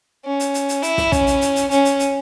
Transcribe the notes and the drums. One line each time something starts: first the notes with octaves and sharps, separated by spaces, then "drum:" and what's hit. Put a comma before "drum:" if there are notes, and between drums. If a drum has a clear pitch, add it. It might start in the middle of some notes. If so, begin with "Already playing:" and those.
C#4
drum: hi-hat
drum: hi-hat
drum: hi-hat
E4, drum: hi-hat
drum: snare
C#4, drum: kick, hi-hat
drum: hi-hat
drum: hi-hat
drum: hi-hat
C#4, drum: hi-hat
drum: hi-hat
drum: hi-hat